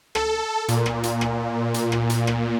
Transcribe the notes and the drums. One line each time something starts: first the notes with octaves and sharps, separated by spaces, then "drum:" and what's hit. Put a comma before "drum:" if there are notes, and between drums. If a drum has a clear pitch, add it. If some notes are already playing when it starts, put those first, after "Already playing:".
A4, drum: rim click
A#2, drum: hi-hat
drum: rim click
drum: hi-hat
drum: rim click
drum: hi-hat
drum: rim click
drum: hi-hat
drum: rim click